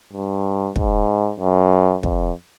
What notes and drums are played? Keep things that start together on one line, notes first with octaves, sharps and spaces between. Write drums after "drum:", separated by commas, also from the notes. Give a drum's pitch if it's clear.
G2
G#2, drum: kick
F#2
F2, drum: kick